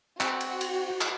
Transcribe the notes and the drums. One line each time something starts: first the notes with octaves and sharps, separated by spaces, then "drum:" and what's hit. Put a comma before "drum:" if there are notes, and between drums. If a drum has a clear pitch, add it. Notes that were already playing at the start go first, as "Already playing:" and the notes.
C4 F#4, drum: clap
drum: cymbal
drum: cymbal
drum: clap